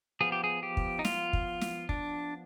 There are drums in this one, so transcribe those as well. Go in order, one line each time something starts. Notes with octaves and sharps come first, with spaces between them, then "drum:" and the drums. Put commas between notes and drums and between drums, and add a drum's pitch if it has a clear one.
F3 B3 G#4
G4
G#4
G4
drum: kick
D#4
F4, drum: snare
drum: kick
drum: snare
D4, drum: kick